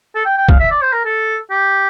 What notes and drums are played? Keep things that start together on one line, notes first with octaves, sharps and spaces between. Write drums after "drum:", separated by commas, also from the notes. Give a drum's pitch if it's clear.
A4
G5
G5
F5, drum: kick
E5
D5
C5
A#4
A4
G4